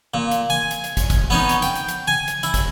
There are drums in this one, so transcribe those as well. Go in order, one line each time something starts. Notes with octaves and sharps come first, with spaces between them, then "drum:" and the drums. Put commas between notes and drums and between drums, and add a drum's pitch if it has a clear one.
A#2
drum: hi-hat
G#5
drum: hi-hat
drum: hi-hat
drum: kick, hi-hat
drum: kick, hi-hat
B3 C#4 D#4
drum: hi-hat
G5, drum: hi-hat
drum: hi-hat
drum: hi-hat
G#5
drum: hi-hat
E4, drum: hi-hat
drum: kick, hi-hat